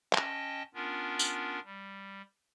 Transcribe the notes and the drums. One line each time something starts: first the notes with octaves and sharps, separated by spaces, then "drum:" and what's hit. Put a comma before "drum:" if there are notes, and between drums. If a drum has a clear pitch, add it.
C#4 D#5 G5 A5 A#6, drum: clap
B3 C#4 D4 F4 A#4
drum: tambourine
G3